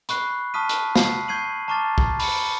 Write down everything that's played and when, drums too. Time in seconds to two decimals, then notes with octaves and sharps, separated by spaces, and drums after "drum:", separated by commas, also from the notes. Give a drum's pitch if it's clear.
0.09 B5 C#6 F#6 C7, drum: hi-hat
0.54 A5 C#6 D#6 F6 B6 D#7
0.69 drum: hi-hat
0.96 C7, drum: snare
1.28 C#6 G6 G#6 C7 D#7 F#7
1.68 A5 A#5 C#6 D6 F6 A6
1.98 drum: kick
2.20 B5 C#7, drum: open hi-hat